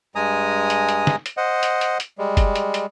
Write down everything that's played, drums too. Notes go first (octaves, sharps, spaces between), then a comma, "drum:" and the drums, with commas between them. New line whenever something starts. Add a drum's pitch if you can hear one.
G2 G#3 G#5 A#5 D#6
drum: hi-hat
drum: hi-hat
drum: snare
drum: hi-hat
C5 D#5 F#5
drum: hi-hat
drum: hi-hat
drum: hi-hat
G3 G#3
drum: kick F#1, hi-hat
drum: hi-hat
drum: hi-hat